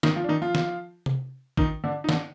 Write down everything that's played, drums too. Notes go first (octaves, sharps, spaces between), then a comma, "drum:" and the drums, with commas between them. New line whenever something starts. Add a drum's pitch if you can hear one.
D#3 D#4, drum: snare
F3 F4
D4
D#3 D#4
F3 F4
drum: snare
drum: tom
D#3 D#4, drum: kick
D3 D4
D#4
D3 D4, drum: snare